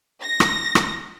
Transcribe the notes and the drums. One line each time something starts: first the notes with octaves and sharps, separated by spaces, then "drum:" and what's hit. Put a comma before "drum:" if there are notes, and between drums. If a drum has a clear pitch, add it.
A#6
drum: rim click
drum: rim click